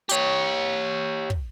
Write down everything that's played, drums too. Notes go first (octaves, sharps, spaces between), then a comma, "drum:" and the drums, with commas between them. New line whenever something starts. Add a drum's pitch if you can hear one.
G4 C#5, drum: hi-hat
drum: kick